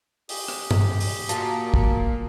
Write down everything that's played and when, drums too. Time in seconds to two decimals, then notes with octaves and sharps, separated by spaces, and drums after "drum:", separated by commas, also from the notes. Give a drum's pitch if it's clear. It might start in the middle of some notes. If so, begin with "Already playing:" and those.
0.29 G4 G#4, drum: open hi-hat
0.48 drum: rim click
0.71 drum: tom G2
1.00 drum: open hi-hat
1.29 A#3 F4 F#4 A5, drum: hi-hat
1.74 drum: kick